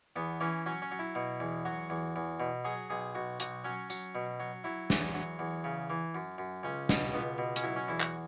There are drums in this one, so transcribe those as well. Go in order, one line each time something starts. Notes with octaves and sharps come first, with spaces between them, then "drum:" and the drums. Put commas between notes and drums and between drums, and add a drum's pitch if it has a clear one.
E2 B3
E3 C#4
F#3 C#4
C#4
F#3
E4
B2
E2
F#3 F#4
E2
E2
B2
F#3 G#4
B1 G#4
B1 F#4
B1 F#4, drum: hi-hat
F#3 C#4
F#3, drum: tambourine
B2
F#3
F#3 E4
E2, drum: snare
F#3
E2
C#3
E3
F#2
F#2
C#2 C#4
B2, drum: snare
C#2 B3
B2
C#4, drum: hi-hat
F#3 E4
C#4
E2 E4
F#4, drum: clap